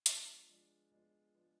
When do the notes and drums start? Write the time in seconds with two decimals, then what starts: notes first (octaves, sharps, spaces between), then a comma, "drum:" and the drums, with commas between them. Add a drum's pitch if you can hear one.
0.06 F3 G#3 B3 D4 F4, drum: hi-hat
0.49 F3 G#3 B3 D4 F4
0.91 F3 G#3 B3 D4 F4
1.34 F3 G#3 B3 D4 F4